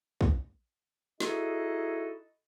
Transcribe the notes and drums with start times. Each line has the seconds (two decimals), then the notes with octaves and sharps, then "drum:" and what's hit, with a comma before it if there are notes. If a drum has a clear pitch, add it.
0.21 drum: kick
1.20 D#4 E4 F#4 G#4 A4 D#5, drum: snare